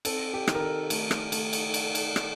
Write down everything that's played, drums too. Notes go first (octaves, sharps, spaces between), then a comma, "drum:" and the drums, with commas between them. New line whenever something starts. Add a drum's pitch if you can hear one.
C4 A4, drum: cymbal
G4
D#3, drum: rim click
A#4
A4
A3, drum: cymbal
drum: rim click
A3, drum: cymbal
drum: cymbal
drum: cymbal
drum: cymbal
drum: rim click